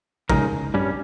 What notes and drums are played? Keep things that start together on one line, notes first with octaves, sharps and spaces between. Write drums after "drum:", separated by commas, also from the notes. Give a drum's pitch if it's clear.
C#3 G#3 D#4 A#4, drum: kick
G2 G3 C#4